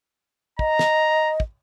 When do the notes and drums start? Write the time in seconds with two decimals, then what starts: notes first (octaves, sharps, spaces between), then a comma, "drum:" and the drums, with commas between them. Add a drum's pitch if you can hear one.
0.59 D#5 A#5, drum: kick
0.79 drum: snare
1.40 drum: kick